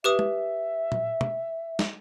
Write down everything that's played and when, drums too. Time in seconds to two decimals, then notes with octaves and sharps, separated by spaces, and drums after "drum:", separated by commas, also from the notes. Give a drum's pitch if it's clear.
0.04 G4 B4 E5 D#6
0.19 drum: tom
0.92 drum: tom A#2
1.21 drum: tom
1.79 drum: snare